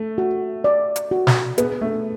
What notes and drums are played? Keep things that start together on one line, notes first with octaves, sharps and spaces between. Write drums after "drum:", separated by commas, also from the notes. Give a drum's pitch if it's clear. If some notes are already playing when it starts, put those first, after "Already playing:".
Already playing: A3
F#4
D5
drum: hi-hat
F#4
drum: snare
B3 G#4, drum: hi-hat
A3